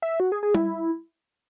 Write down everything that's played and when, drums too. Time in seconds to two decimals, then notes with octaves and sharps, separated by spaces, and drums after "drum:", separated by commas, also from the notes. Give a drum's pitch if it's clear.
0.02 E5
0.20 F#4
0.32 G#4
0.43 G#4
0.55 E4, drum: tom G3